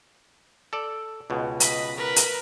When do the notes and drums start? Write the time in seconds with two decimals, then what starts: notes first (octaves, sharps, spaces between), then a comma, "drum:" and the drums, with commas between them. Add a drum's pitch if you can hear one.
0.73 A4 D5
1.30 C#2 B2
1.60 B4 D#5, drum: hi-hat
1.97 A#4 B4
2.16 drum: hi-hat